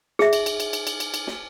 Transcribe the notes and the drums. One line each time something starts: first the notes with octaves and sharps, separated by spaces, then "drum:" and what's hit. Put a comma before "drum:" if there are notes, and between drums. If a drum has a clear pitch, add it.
G#4 E5, drum: snare
drum: cymbal
drum: cymbal
drum: cymbal
drum: cymbal
drum: cymbal
drum: cymbal
drum: cymbal
drum: snare